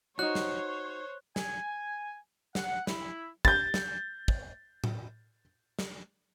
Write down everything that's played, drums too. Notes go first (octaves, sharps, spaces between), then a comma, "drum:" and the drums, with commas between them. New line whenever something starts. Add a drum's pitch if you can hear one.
D4 D#4 F#4 C5 C#5 F#6
drum: snare
G#5, drum: snare
F#5, drum: snare
E4, drum: snare
G6 A6, drum: kick
drum: snare
drum: kick
drum: tom A2
drum: snare